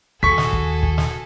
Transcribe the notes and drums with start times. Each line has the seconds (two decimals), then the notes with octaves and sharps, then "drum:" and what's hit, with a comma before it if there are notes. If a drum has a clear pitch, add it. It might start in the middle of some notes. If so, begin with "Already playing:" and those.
0.23 D#2 F#4 G#4 A4 C#6 B6, drum: kick
0.38 drum: snare
0.53 drum: kick
0.83 drum: kick
0.98 drum: snare